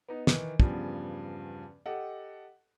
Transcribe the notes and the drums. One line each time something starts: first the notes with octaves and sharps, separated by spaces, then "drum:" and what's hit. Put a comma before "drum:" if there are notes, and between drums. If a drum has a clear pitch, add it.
B3 D#4
D#3 E3, drum: snare
E2 G2 C#3 F3, drum: kick
G4 A4 D#5 F#5